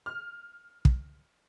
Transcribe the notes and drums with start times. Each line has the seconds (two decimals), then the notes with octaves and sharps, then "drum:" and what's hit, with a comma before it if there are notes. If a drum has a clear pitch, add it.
0.06 F6
0.85 drum: kick